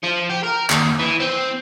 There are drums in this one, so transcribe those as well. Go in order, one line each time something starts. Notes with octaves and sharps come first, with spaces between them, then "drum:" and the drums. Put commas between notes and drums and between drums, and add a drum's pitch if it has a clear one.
F3
G4
A#4
D#2, drum: clap
E3
C4